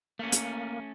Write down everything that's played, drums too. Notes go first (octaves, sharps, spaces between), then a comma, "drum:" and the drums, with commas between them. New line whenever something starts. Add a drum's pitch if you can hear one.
A3 A#3 C#4
drum: hi-hat